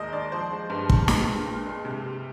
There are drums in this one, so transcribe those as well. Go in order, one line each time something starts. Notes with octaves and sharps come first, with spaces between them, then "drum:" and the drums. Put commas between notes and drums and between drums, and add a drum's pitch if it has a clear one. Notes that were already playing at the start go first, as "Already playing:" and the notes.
Already playing: D#2 D#3 G#3 A#4 C5 D#5
D#2 D5
F3 C5
G#3
G2
G2, drum: kick
G#3, drum: snare
A#2
A#2
G#3
C3
G3